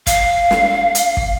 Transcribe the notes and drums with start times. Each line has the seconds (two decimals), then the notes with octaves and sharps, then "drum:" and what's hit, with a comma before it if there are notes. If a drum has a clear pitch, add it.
0.07 F5, drum: kick, hi-hat
0.51 drum: snare
0.95 drum: hi-hat
1.17 drum: kick